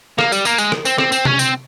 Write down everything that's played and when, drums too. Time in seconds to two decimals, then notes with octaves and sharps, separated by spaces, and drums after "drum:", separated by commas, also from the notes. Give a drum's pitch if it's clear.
0.19 A#3, drum: rim click
0.32 G3, drum: tambourine
0.45 A#3, drum: tambourine
0.58 G#3, drum: tambourine
0.72 drum: rim click
0.85 C4, drum: tambourine
0.98 C4, drum: rim click
1.12 C4, drum: tambourine
1.25 C#4, drum: tom C3
1.39 C4, drum: tambourine